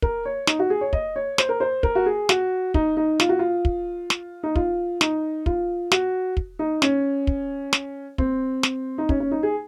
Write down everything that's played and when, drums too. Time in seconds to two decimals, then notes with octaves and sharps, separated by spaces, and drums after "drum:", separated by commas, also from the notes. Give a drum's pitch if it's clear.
0.02 A#4, drum: kick
0.25 C#5
0.47 D#4, drum: snare
0.59 F#4
0.70 G#4
0.81 C#5
0.93 D#5, drum: kick
1.16 C#5
1.38 C5, drum: snare
1.49 A#4
1.60 C5
1.83 A#4, drum: kick
1.95 F#4
2.06 G#4
2.29 F#4, drum: snare
2.74 D#4, drum: kick
2.97 D#4
3.20 F4, drum: snare
3.29 F#4
3.39 F4
3.65 drum: kick
4.10 drum: snare
4.43 D#4
4.56 F4, drum: kick
5.01 D#4, drum: snare
5.46 F4, drum: kick
5.92 F#4, drum: snare
6.37 drum: kick
6.59 D#4
6.82 C#4, drum: snare
7.27 drum: kick
7.73 drum: snare
8.18 C4, drum: kick
8.63 drum: snare
8.98 D#4
9.09 C#4, drum: kick
9.20 C#4
9.31 D#4
9.43 G#4